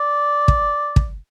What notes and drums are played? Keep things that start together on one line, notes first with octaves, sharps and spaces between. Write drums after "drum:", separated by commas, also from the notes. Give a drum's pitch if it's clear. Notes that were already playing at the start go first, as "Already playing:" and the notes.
Already playing: D5
drum: kick
drum: kick